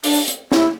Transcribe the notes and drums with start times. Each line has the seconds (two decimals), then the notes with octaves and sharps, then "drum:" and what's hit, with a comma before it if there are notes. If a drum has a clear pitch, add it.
0.04 D4, drum: open hi-hat
0.28 drum: hi-hat
0.52 E4, drum: snare